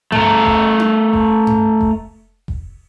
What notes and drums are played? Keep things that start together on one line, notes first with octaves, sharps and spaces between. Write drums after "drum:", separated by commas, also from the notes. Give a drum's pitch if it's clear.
A3 A#4, drum: tom G2
drum: kick F1
drum: tom D4
drum: kick F1
drum: tom G2
drum: kick F1
drum: kick F1